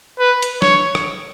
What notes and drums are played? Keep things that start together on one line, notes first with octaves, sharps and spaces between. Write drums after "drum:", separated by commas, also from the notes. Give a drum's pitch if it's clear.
B4
drum: hi-hat
C#5, drum: snare
drum: rim click